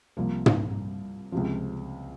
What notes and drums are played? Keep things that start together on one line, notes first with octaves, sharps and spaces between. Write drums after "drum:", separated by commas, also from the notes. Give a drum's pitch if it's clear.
C2 C3 F3 A#3
drum: tom
C#2 C3 F3